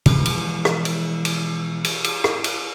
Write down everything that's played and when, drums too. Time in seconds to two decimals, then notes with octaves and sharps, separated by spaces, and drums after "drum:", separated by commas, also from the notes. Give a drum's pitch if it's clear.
0.06 B2 E3 F3 G#3, drum: cymbal
0.25 drum: cymbal
0.65 drum: rim click
0.85 drum: cymbal
1.25 drum: cymbal
1.84 drum: cymbal
2.04 drum: cymbal
2.24 drum: rim click
2.44 drum: cymbal